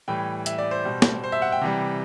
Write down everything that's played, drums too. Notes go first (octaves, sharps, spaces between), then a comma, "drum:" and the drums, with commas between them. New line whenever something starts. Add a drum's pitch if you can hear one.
A2 E3 G3 G5
E5, drum: hi-hat
D5
C5
B2 G3
drum: snare
C5
E5
F#5
G5
C3 E3 G3